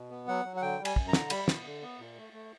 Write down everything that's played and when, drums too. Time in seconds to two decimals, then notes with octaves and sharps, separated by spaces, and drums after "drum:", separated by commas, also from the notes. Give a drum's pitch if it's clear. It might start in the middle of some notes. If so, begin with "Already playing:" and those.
Already playing: B2
0.10 B3
0.28 F#3 F#5
0.45 F#3
0.57 F#5
0.62 D3 G5
0.79 G3
0.85 G#5, drum: cymbal
0.96 F#2, drum: kick
1.08 A#5
1.13 D3, drum: snare
1.30 G3 B5, drum: cymbal
1.48 B3, drum: snare
1.65 D3
1.82 B3
1.99 A#2
2.17 A3
2.33 A3